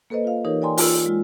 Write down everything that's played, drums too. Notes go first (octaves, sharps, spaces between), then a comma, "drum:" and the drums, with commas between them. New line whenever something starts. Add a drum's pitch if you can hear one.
A#3 A4 B4 C5 D#5
F4 F5
E3 D#4 G4 A#4 C#5
D5 G5 G#5 A#5 C6
F4 E6, drum: open hi-hat
G#3 F4